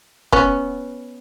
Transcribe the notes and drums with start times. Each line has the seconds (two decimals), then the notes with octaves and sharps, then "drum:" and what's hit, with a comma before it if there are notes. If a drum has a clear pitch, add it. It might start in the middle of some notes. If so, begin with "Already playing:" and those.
0.32 B3 C#4, drum: kick